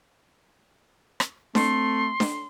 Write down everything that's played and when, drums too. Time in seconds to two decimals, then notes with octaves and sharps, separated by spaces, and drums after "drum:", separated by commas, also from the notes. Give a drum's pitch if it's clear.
1.20 drum: rim click
1.55 A3 C4 C6, drum: snare D4
2.20 drum: snare D4